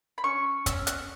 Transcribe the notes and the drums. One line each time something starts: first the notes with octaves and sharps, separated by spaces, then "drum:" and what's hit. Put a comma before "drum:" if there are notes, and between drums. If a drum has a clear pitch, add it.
B5
C#4 C#6
C#4 E6, drum: kick, hi-hat
F#6, drum: hi-hat